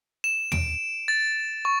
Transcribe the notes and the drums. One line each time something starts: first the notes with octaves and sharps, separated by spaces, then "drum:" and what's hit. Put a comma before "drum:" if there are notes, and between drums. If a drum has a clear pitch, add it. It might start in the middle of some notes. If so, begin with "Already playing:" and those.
E7
D7, drum: tom
A6
C#6